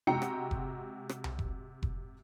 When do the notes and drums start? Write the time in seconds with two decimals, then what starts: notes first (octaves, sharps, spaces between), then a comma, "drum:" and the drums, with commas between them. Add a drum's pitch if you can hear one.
0.07 C3 G#3 F#4 G5 A#5 C#7
0.22 drum: rim click
0.51 drum: kick F1
1.09 drum: rim click
1.24 drum: tom C2
1.39 drum: kick F1
1.83 drum: kick F1